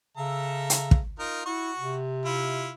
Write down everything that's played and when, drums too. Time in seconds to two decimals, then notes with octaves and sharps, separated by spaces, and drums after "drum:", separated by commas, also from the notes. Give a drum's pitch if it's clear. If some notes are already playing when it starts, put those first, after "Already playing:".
0.17 C#3 A4 E5 A#5
0.70 drum: hi-hat
0.91 drum: kick
1.19 D#4 F4 A#4
1.46 E4 F#4 C#6
1.78 C3
2.25 E4 F4